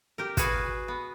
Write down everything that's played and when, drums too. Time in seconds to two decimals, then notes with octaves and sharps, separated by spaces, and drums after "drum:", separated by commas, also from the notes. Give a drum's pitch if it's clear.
0.18 G4 A#4
0.37 F#4 G#4 B4 F5 G#5, drum: kick, hi-hat
0.88 B3